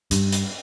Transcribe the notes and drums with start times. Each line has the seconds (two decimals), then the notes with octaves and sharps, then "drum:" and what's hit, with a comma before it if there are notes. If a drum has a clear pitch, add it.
0.11 G2, drum: hi-hat
0.32 drum: hi-hat